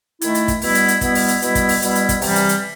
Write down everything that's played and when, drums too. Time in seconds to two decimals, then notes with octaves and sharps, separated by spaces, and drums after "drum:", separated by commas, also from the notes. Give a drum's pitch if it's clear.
0.21 D#3 A3 E4, drum: hi-hat
0.35 drum: hi-hat
0.48 drum: kick, hi-hat
0.62 B2 G3 B3 E4, drum: open hi-hat
0.75 drum: hi-hat
0.88 drum: hi-hat
1.01 B2 G3 B3 E4, drum: kick, hi-hat
1.15 drum: open hi-hat
1.28 drum: hi-hat
1.42 B2 G3 B3 E4, drum: hi-hat
1.55 drum: kick, hi-hat
1.69 drum: open hi-hat
1.82 B2 G3 B3 E4, drum: hi-hat
1.95 drum: hi-hat
2.09 drum: kick, hi-hat
2.22 C3 E3 G3, drum: open hi-hat
2.36 drum: hi-hat
2.49 drum: hi-hat